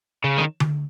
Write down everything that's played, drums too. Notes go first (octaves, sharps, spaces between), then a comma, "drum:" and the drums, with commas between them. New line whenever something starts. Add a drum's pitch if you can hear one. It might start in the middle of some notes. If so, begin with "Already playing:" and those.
C#3
D#3
drum: tom D3